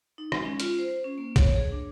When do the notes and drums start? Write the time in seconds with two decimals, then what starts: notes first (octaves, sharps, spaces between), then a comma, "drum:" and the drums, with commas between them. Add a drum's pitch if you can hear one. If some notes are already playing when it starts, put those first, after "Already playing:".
0.18 D#4
0.32 G#3, drum: rim click
0.45 C#4
0.60 F4, drum: hi-hat
0.79 C5
1.04 C#4
1.18 A#3
1.36 C#5, drum: kick, hi-hat
1.56 G#4
1.72 D4